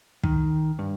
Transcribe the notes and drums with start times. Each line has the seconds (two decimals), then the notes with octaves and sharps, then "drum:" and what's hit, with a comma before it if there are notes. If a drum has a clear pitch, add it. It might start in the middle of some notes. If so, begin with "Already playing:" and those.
0.23 D#3, drum: kick
0.79 G2